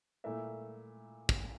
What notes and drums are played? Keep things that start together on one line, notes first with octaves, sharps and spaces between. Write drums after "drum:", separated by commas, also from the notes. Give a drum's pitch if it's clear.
A#2 A3 E4 A#4 E5
drum: kick